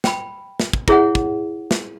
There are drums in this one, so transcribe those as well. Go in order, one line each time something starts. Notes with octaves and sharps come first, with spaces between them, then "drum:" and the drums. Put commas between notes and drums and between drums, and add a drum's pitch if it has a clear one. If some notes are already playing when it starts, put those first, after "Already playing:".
G5 B5, drum: snare
drum: snare
drum: kick
E4 G#4 C#5 E5 F#5, drum: kick
drum: kick
drum: snare